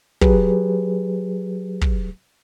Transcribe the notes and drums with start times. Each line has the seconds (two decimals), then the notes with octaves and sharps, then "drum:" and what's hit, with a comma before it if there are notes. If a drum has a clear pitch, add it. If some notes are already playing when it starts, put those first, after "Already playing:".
0.21 F#3 G4 G#4 B4, drum: kick
1.82 drum: kick